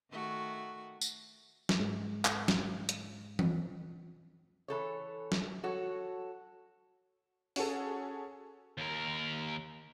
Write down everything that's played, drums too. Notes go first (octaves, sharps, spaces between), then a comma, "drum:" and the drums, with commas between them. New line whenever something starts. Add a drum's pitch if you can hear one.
D#3 A3 F#4
drum: tambourine
drum: snare
G#2 G#3
drum: clap
drum: snare
drum: hi-hat
drum: tom E3
E3 A4 C#5
drum: snare
F#4 A4 C#5
C#4 F#4 G#4 A4, drum: open hi-hat
D#2 A#4